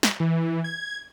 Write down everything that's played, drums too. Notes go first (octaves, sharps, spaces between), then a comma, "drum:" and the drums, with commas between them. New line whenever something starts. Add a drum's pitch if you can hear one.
drum: snare
E3
G#6